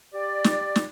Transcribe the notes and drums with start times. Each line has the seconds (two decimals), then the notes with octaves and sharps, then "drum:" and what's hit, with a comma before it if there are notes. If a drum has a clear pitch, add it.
0.13 G4 D5
0.44 drum: snare
0.76 drum: snare